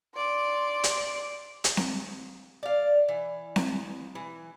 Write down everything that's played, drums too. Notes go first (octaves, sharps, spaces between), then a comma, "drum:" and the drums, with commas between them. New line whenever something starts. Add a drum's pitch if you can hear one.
D5 C6
drum: hi-hat
drum: hi-hat
drum: snare C4
D5 F5
E3
drum: snare C4
E3